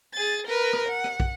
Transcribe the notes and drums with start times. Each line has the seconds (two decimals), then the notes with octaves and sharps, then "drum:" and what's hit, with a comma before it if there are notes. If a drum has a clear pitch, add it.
0.14 G#4 A6
0.47 A#4 B4
0.73 drum: rim click
0.89 F#5
1.04 drum: rim click
1.20 drum: kick